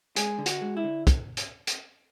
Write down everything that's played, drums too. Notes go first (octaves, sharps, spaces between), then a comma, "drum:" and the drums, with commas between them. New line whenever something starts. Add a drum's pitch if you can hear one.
G#3 G#4, drum: hi-hat
D3
F#4, drum: hi-hat
G#3
E4
D3
drum: kick, hi-hat
drum: hi-hat
drum: hi-hat